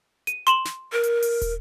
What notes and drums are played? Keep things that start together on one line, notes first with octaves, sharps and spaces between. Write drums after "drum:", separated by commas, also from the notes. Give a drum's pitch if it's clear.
D#7, drum: hi-hat
C6 E7 F#7, drum: hi-hat
drum: snare
A#4
drum: hi-hat
drum: open hi-hat
drum: kick, hi-hat